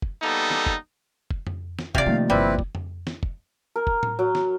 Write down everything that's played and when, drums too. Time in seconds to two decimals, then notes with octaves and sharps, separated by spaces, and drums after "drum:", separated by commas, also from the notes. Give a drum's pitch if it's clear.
0.02 drum: kick
0.22 G3 A#3 B3 D#4 A4
0.50 drum: snare
0.66 drum: kick
1.31 drum: kick
1.47 drum: tom F2
1.79 drum: snare
1.95 C3 F4 D5 F5, drum: kick
2.06 D#3 F3 A3 A#3
2.30 G1 G3 C4 E4 B4 D5
2.59 drum: kick
2.75 drum: tom F2
3.07 drum: snare
3.23 drum: kick
3.76 A#4
3.87 drum: kick
4.03 drum: tom A2
4.19 F#3
4.35 drum: snare